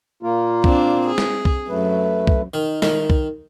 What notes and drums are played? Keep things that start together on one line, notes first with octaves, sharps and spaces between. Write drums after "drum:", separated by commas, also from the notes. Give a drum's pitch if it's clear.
A#2 A#3 F4
C4 D4, drum: kick C2
G#4
drum: snare
drum: kick C2
F#2 A3 B4
drum: kick C2
D#3
D#3, drum: snare
drum: kick C2